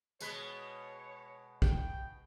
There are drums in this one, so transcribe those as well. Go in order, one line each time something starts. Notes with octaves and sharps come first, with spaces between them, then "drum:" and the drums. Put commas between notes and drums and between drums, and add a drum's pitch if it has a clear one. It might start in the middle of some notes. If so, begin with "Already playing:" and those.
B2 G#3 B4 C#5, drum: tambourine
G5, drum: kick